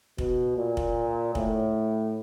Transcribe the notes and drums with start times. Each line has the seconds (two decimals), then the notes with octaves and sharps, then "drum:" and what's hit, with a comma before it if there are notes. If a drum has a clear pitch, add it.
0.18 B2, drum: kick
0.57 A#2
0.77 drum: kick
1.35 A2, drum: kick